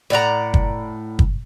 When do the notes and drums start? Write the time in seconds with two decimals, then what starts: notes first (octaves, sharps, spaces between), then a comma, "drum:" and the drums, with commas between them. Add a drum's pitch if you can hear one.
0.10 A2 D5 F#5 A#5
0.54 drum: kick
1.19 drum: kick